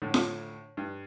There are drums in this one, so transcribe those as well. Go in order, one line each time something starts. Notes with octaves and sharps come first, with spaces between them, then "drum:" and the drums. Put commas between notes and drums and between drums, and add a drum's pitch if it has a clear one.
A2 D3
drum: snare F4
G2